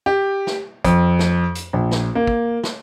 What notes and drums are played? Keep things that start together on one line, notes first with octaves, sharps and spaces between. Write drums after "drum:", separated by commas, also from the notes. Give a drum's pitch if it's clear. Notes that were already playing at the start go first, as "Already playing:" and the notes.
G4
drum: snare
F2, drum: kick, hi-hat
drum: snare
drum: hi-hat
A#1
drum: snare
A#3
drum: kick
drum: snare